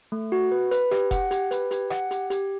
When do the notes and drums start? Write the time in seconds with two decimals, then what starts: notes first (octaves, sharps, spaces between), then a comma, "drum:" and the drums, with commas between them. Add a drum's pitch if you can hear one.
0.12 A3
0.32 F#4
0.51 B4
0.71 B4, drum: hi-hat
0.91 G4, drum: rim click
1.11 F#5, drum: kick F1, hi-hat
1.31 G4, drum: hi-hat
1.51 B4, drum: hi-hat
1.71 G4, drum: hi-hat
1.90 F#5, drum: rim click
2.11 G4, drum: hi-hat
2.30 G4, drum: hi-hat